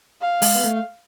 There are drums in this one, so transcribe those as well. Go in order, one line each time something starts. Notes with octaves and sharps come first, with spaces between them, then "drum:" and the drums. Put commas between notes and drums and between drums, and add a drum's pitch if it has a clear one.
F5
G#3, drum: open hi-hat
B3
A3